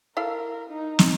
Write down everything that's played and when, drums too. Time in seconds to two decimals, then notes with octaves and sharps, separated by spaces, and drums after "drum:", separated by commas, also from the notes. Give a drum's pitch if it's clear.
0.17 E4 A4 A#4 F5
0.70 D#4
0.99 drum: snare